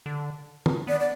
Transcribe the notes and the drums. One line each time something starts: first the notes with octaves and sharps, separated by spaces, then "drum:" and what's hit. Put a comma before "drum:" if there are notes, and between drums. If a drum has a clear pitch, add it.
D3
drum: tom
B3 D5
D5